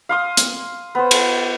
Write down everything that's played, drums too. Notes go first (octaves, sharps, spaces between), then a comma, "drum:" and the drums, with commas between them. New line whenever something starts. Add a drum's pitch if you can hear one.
F5 C6 D#6
drum: hi-hat
B3 C5
drum: cymbal